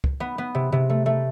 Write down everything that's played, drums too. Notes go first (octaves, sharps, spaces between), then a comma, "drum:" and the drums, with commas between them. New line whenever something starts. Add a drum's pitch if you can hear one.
drum: kick C#2
B3
B3
C3
C3
A3
A3